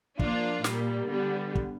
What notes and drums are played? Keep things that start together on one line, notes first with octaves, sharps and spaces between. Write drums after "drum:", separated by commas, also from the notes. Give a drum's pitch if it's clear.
F3 A#3 D4 F4, drum: kick
A#2 G3 A#3, drum: snare
D3 G3 B3
drum: kick